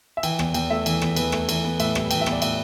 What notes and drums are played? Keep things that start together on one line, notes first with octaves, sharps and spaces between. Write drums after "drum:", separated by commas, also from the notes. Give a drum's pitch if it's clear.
E5
E3 G5, drum: cymbal
E2, drum: rim click
E2 G5, drum: cymbal
A3 E5
E3, drum: cymbal
E2, drum: rim click
E2 B4, drum: cymbal
A3, drum: rim click
E3, drum: cymbal
B3
A2 E5, drum: cymbal
G3, drum: rim click
E3 G5, drum: cymbal
E5
B3, drum: rim click
D5
A2 E5, drum: cymbal